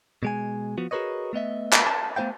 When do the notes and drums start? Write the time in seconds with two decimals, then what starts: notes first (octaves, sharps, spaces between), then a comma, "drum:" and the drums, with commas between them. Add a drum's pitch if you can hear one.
0.23 B2 G#3 G#5
0.78 F3 B3 F#4
0.91 F#4 G#4 A#4 B4 C#5 D#5
1.33 A3 B3 D#5 E5
1.73 drum: clap
1.87 A5
2.16 A3 B3 C4 C5 F5 G5